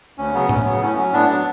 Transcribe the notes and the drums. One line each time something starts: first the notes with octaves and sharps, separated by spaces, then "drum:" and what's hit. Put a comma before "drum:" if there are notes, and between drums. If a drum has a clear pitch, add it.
D2 C#4
C#3 F#3 B3
D2 C#4, drum: tom A2
C#3 F#3 B3
A2 C#4
B3
F#3 C#4
A2 B3 D4
F#3 B3 D4